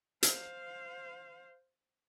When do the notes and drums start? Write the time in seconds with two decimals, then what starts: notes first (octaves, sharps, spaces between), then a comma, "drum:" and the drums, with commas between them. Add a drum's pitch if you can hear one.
0.23 C5 F5, drum: hi-hat